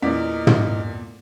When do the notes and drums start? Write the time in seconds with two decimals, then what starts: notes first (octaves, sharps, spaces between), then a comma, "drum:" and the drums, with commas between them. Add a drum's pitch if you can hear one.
0.02 E2 A#2 A#4 D5 D#5 B6
0.47 drum: tom